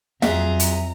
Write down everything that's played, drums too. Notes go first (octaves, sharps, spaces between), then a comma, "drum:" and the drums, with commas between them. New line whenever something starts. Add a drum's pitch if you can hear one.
F2 F#3 F4 G#4 E5 A#5, drum: snare
drum: hi-hat